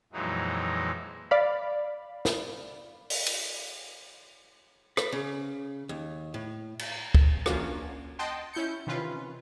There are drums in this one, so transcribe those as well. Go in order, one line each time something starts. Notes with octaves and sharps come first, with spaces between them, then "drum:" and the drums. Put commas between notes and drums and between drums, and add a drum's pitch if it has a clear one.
F2 A#2 E3 F#3 G#3 D#4
D5 F5 B5
drum: snare
drum: open hi-hat
drum: cymbal
B4, drum: rim click
C#3
D#2
A2
drum: cymbal
drum: kick
E3 A#3 C#4 D4 F4 F#4, drum: rim click
D#5 F#5 G5 A5 C6
C#4 E4 G6 C#7
C3 D#3 E3 C#4 F4 B4